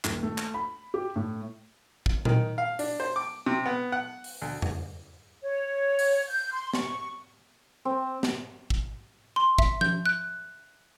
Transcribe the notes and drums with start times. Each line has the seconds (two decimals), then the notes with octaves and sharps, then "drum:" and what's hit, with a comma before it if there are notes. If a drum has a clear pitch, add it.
0.04 D#1, drum: clap
0.23 A3
0.38 drum: clap
0.54 B5
0.94 G4
1.16 A2
2.06 drum: kick
2.25 D#3, drum: tom A#2
2.58 F5
2.79 D4, drum: open hi-hat
3.00 C5
3.16 D6
3.46 C3
3.66 B3
3.92 F#5
4.24 drum: open hi-hat
4.42 D2
4.62 drum: tom F2
5.43 C#5
5.99 drum: open hi-hat
6.27 G6
6.52 C6
6.73 C#6, drum: snare
7.85 C4
8.23 drum: snare
8.70 drum: kick
9.36 C6
9.58 E5, drum: kick
9.81 G6, drum: tom F3
10.06 F#6